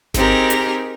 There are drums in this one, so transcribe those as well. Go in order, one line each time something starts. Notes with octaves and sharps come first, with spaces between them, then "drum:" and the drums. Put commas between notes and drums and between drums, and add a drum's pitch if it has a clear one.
C4 D#4 G4 G#4 A#4, drum: snare G#1
drum: hi-hat